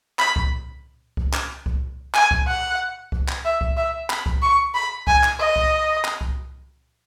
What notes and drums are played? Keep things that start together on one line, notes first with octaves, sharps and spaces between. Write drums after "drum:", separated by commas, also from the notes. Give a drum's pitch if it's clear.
B5, drum: clap
drum: kick C2
drum: kick C2
drum: clap
drum: kick C2
G#5, drum: clap
drum: kick C2
F#5
drum: kick C2
drum: clap
E5
drum: kick C2
E5
B5, drum: clap
drum: kick C2
C#6
B5
G#5, drum: kick C2
drum: clap
D#5
drum: kick C2
drum: clap
drum: kick C2